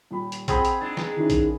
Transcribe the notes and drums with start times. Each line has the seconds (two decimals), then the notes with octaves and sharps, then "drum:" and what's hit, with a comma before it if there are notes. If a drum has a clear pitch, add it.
0.11 D#1 G4 B5
0.32 drum: hi-hat
0.48 C4 G#4 F#5 G5 B5 C6, drum: kick, hi-hat
0.65 drum: hi-hat
0.81 G#2 G#3 D4 A6
0.97 drum: snare
1.17 D#3 C#4 E4
1.30 drum: kick, hi-hat